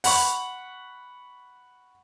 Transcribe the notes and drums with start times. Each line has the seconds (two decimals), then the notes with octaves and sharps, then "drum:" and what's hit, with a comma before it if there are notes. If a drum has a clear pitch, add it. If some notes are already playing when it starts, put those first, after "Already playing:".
0.04 F#5 B5 C#6, drum: open hi-hat